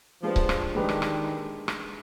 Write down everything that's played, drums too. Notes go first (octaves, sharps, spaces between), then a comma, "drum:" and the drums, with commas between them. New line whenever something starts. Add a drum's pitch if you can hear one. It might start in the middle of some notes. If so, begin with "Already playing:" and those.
F3 G#3 D4 G4 B4
drum: kick C#1
drum: rim click
D#3 G#3 D4 G4 B4
drum: rim click
drum: rim click
drum: rim click